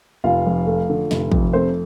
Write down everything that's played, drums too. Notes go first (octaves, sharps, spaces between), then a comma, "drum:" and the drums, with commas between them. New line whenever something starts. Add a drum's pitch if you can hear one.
F1 F4 F5
F2
A3
D3
F1, drum: snare
F2, drum: kick
A3 C4 C5